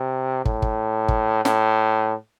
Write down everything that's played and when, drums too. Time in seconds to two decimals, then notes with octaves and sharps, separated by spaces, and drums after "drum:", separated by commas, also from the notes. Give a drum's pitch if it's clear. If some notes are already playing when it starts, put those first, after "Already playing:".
Already playing: C3
0.45 A2, drum: kick
0.62 drum: kick
1.08 drum: kick
1.45 A2, drum: snare